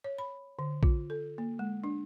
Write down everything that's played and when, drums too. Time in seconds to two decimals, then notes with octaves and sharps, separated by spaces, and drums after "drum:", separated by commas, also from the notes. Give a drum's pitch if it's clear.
0.04 C#5
0.18 B5
0.59 D3
0.83 F4, drum: kick A#1
1.10 A4
1.38 A#3
1.59 G#3
1.84 D4